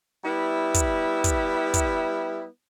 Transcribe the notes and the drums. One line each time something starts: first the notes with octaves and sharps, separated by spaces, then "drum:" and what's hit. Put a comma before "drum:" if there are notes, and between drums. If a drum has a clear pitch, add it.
G3 B3 E4
drum: kick, hi-hat
drum: kick, hi-hat
drum: kick, hi-hat